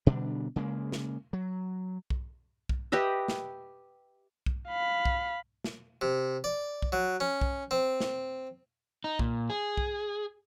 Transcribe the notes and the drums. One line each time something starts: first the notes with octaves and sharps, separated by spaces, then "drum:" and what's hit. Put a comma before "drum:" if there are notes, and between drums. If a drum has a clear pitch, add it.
B2 D3 G3 D4
C#3 G#3 A#3
drum: snare
F#3
drum: kick B1
drum: kick B1
G4 B4 D#5 E5
drum: snare
drum: kick B1
F5 B5
drum: kick B1
drum: snare
C3
D5
drum: kick B1
F#3
C#4
drum: kick B1
C4
drum: snare
D#4
A#2, drum: kick B1
G#4
drum: kick B1